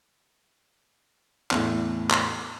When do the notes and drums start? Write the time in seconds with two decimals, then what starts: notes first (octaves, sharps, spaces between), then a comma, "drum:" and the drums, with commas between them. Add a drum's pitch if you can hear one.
1.51 E2 A2, drum: clap
2.11 drum: clap